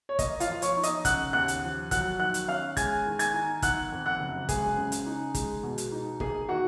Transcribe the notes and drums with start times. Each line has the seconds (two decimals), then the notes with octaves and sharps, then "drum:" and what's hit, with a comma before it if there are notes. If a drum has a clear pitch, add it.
0.09 C#5
0.19 A#3 D#5, drum: kick, hi-hat
0.40 F4 F5, drum: hi-hat
0.48 F3
0.62 C#5 C#6, drum: hi-hat
0.77 D#4
0.83 D#5 D#6, drum: hi-hat
1.05 C#3 F#5 F#6, drum: kick, hi-hat
1.33 D#2 F#5 F#6
1.48 drum: hi-hat
1.63 F3
1.91 F#3 F#5 F#6, drum: kick, hi-hat
2.20 D#3 F#5 F#6
2.34 drum: hi-hat
2.48 C#4 F5 F6
2.77 G#3 G#5 G#6, drum: kick, hi-hat
3.06 D#3
3.19 G#5 G#6, drum: hi-hat
3.34 D#4
3.62 D#3 F#5 F#6, drum: kick, hi-hat
3.92 F2
4.06 F#5 F#6
4.20 F#1
4.49 G#3 G#4 G#5, drum: kick, hi-hat
4.78 C#3
4.92 drum: hi-hat
5.06 D#4
5.35 G#3, drum: kick, hi-hat
5.63 B2
5.78 drum: hi-hat
5.92 D#4
6.20 A#3 G#4 G#5, drum: kick
6.49 D#3 F#4 F#5